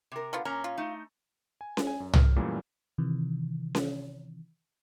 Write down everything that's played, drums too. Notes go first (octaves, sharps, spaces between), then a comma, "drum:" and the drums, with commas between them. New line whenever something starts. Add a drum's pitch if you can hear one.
C3 A#4
D3 B3 F4
A#2 C#4 A#4 A#5
F4
A3 D#4
G#5
drum: snare C#4
G#5
F#2
F6, drum: tom
F#2 A#2 E3 G3 A3
C3 D#3 E3
drum: snare C#4